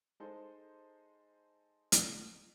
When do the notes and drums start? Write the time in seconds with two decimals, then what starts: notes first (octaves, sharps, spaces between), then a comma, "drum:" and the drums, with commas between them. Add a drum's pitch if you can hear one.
0.20 G#3 D#4 A4 C5
1.92 drum: hi-hat